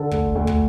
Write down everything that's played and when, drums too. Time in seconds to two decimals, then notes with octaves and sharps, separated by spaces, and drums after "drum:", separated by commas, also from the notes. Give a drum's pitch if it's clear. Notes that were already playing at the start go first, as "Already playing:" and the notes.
Already playing: D3 A4
0.11 D2, drum: kick
0.35 D2
0.47 drum: kick